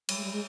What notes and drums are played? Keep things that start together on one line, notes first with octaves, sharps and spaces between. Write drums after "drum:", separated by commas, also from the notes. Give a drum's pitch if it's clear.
G3, drum: cymbal
G#3
G3
G#3